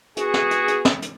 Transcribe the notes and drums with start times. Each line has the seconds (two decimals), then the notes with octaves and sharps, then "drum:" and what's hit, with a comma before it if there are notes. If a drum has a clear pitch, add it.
0.17 B3 F#4 G#4, drum: hi-hat
0.34 drum: snare
0.51 drum: hi-hat
0.68 drum: hi-hat
0.85 drum: snare
1.02 drum: hi-hat